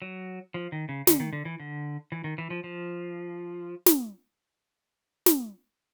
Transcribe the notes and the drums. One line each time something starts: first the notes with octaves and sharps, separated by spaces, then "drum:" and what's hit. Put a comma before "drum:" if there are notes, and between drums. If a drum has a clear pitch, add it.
F#3
F3
D#3
C#3
D3, drum: snare
D#3
D3
E3
D3
E3
D#3
E3
F3
F3
drum: snare
drum: snare